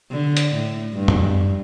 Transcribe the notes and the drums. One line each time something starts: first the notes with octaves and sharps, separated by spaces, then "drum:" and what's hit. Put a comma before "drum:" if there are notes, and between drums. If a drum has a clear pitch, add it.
D3
drum: hi-hat
A2
G2
drum: tom F#2